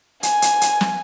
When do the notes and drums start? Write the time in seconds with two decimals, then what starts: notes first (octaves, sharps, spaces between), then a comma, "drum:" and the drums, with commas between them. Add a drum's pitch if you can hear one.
0.23 G#5, drum: hi-hat
0.42 drum: hi-hat
0.61 drum: hi-hat
0.81 drum: snare